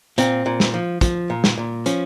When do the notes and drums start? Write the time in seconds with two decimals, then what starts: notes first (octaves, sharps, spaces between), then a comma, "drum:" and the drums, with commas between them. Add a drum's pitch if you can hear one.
0.18 A#2 C4, drum: hi-hat
0.46 A#2
0.60 drum: snare
0.74 F3
1.01 F3, drum: kick, hi-hat
1.30 A#2
1.44 drum: snare
1.58 A#2
1.86 F3 C#4, drum: hi-hat